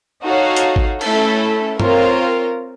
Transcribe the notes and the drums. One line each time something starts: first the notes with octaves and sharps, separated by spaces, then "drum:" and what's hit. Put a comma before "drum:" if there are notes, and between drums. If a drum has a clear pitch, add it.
D#4 F#4 A4 C#5 F5
drum: hi-hat
drum: kick G#1
A3 C#4 E4 A4, drum: cymbal
C4 F4 A#4 C#5 F5, drum: tom G2